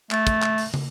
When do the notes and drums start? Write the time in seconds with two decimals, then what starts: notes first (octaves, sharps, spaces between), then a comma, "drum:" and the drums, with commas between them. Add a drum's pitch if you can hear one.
0.11 A3, drum: clap
0.27 drum: kick, hi-hat
0.42 drum: clap
0.58 drum: open hi-hat
0.74 drum: tom